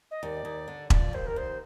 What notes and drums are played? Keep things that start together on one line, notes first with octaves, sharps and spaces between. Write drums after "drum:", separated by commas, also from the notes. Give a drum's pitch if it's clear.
D#5
D#2 D5
D#2
D3
F3 D5, drum: kick E1
D#2 C5
A#4
D#2 C5